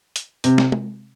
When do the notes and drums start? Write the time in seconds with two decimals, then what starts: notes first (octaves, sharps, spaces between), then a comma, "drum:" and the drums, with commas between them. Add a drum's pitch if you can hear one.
0.16 drum: hi-hat
0.44 C3, drum: hi-hat
0.58 drum: snare
0.72 drum: tom G#3